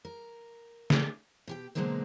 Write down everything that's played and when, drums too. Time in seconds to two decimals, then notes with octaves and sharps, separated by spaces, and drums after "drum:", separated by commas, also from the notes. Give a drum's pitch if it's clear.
0.05 A#4
0.90 drum: snare
1.47 B2 G4 G5
1.75 B2 D3 F#3 G#3 A#3 C4